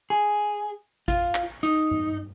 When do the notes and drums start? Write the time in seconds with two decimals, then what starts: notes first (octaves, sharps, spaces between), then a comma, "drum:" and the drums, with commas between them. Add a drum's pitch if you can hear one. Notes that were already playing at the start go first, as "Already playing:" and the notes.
0.10 G#4
1.08 F4, drum: kick G#1, hi-hat
1.35 drum: clap
1.63 D#4, drum: hi-hat
1.91 drum: tom G2